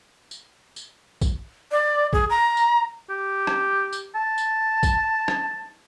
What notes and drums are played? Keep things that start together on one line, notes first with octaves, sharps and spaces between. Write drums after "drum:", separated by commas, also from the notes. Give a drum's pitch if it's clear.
drum: tambourine
drum: tambourine
drum: kick, tambourine
D5
G#4, drum: kick
A#5
drum: tambourine
G4
drum: rim click
drum: tambourine
A5
drum: tambourine
drum: kick, tambourine
drum: rim click